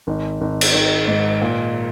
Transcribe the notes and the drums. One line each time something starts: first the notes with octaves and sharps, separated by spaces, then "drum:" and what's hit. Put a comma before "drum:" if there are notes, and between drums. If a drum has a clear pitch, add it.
G#1
G#1
drum: cymbal
D#3
G#2
A#2